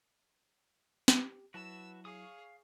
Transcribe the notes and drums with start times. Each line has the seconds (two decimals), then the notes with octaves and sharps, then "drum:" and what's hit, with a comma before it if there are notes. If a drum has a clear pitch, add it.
1.08 G4, drum: snare
1.54 F#3 E4 F#4 B4 A5 E6
2.05 G#4 C#5 F5 C#6 D#6